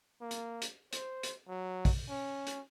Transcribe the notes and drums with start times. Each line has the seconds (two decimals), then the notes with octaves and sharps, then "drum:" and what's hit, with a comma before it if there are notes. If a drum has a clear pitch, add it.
0.21 A#3
0.31 drum: hi-hat
0.62 drum: hi-hat
0.93 C5, drum: hi-hat
1.23 drum: hi-hat
1.48 F#3
1.85 drum: kick, open hi-hat
2.10 C#4
2.47 drum: hi-hat